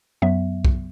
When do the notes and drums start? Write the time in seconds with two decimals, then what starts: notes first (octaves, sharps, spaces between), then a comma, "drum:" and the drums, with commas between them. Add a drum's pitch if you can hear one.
0.22 F#2 F#3 B3 E5
0.65 drum: kick B1